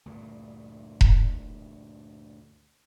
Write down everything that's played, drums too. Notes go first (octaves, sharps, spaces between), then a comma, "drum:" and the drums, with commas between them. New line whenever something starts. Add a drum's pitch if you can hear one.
D2 G2 A#2
drum: kick E1